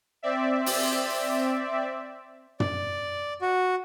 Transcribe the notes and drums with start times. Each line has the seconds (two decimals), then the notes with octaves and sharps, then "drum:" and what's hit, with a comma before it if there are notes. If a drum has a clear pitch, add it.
0.23 C4 D5 E5
0.66 drum: open hi-hat
2.60 D5, drum: tom
3.42 F#4